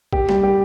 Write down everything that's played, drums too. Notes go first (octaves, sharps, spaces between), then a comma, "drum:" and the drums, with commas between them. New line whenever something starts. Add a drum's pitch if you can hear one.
G4, drum: kick A1
G3, drum: snare
G4